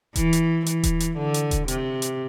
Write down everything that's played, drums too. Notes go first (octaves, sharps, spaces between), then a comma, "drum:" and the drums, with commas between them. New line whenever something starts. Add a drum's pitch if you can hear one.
E3, drum: kick D#1, hi-hat
drum: hi-hat
E3, drum: hi-hat
drum: kick D#1, hi-hat
drum: hi-hat
D3
drum: hi-hat
drum: kick D#1, hi-hat
C3, drum: hi-hat
drum: hi-hat